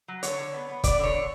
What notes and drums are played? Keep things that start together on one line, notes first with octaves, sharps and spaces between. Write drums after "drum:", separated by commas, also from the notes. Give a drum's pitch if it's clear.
F#3
D3 C#5, drum: hi-hat
D3
B3
B3
B3 D5, drum: kick, hi-hat
D3 C#5
D3